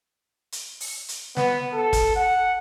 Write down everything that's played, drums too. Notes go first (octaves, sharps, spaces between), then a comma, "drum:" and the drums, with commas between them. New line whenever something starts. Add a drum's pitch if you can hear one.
drum: hi-hat
drum: open hi-hat
drum: hi-hat
B3, drum: snare
A4
drum: kick, hi-hat
F#5